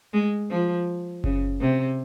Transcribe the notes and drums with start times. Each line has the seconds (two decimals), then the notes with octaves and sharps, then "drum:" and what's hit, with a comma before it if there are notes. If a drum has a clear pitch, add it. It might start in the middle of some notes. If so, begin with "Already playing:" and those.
0.13 G#3
0.50 F3
1.24 C#3, drum: kick F#1
1.61 C3